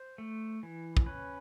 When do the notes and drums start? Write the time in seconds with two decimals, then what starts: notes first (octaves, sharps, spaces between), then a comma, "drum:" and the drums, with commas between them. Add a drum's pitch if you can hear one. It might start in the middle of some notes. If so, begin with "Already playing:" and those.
Already playing: C5
0.18 A3
0.63 E3
0.97 drum: kick
1.06 C#4 B4